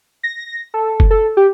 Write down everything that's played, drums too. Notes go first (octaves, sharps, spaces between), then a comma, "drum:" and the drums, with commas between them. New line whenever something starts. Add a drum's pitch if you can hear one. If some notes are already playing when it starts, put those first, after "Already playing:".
A#6
A4
drum: kick F#1
A4
G4